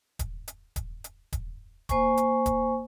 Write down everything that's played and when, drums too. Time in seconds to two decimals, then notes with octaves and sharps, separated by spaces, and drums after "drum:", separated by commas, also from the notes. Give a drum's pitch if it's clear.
0.19 drum: kick D#1, hi-hat
0.48 drum: hi-hat
0.76 drum: kick D#1, hi-hat
1.04 drum: hi-hat
1.32 drum: kick D#1, hi-hat
1.89 A#3 C5 G#5 C#6, drum: kick D#1, hi-hat
2.17 drum: hi-hat
2.46 drum: kick D#1, hi-hat